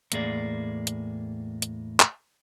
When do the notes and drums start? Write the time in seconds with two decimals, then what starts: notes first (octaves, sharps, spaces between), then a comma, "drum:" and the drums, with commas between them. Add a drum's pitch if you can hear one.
0.12 E2 A2 A#3 G#4 D5, drum: hi-hat
0.87 drum: hi-hat
1.62 drum: hi-hat
2.00 drum: clap